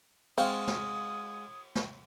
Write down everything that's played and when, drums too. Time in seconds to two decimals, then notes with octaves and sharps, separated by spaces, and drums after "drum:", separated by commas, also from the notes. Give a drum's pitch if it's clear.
0.38 G#3 C4 F4 F#4 F5 D#6 G#6, drum: cymbal
0.68 drum: snare
1.75 drum: snare